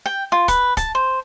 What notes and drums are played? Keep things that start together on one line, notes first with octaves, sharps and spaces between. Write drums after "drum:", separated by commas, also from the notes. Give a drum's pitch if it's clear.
G5
F4
B4, drum: kick, hi-hat
A5, drum: kick, hi-hat
C5